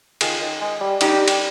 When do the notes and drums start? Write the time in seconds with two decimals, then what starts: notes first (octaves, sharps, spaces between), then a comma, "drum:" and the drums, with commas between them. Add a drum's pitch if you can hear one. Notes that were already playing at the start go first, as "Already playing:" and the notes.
0.21 D#3 F4 G#4, drum: cymbal
0.41 D#3
0.61 G#3
0.81 G3
1.01 G3 D#4 G4, drum: cymbal
1.28 drum: cymbal